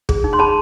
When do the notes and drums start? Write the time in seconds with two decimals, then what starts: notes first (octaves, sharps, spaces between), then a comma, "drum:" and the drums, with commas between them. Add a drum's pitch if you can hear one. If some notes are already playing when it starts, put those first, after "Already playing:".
0.09 G#4, drum: kick
0.24 D#4
0.33 C6
0.39 G#4 A5 B5